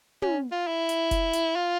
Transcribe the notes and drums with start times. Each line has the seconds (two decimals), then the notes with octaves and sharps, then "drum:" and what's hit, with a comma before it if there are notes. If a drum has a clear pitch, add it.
0.22 C#4, drum: tom
0.51 F4
0.67 E4
0.89 drum: hi-hat
1.11 drum: kick F1, hi-hat
1.33 drum: hi-hat
1.55 F4